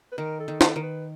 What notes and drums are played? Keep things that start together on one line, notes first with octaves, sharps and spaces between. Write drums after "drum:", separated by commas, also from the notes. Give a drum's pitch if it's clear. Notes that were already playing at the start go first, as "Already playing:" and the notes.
B4
D#3 A#4
A4
D#3
G#4, drum: snare
A4
D#3 A#4
B4